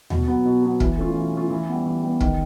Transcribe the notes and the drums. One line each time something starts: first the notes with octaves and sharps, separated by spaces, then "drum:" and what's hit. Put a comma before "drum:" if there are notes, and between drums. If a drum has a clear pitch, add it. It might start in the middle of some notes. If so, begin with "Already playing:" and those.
B2, drum: tom D#2
F#3 B3
B2
F#3 B3
E3, drum: kick
A3 C#4 F4
E3
A3 C#4 F4
E3
G3 B3
E3
G3 B3
D#3, drum: kick